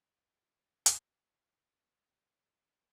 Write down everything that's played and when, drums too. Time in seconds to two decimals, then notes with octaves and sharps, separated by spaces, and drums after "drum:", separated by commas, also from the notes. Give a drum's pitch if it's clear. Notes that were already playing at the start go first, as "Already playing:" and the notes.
0.86 drum: hi-hat
0.99 D5 F5 G5 C6 C#6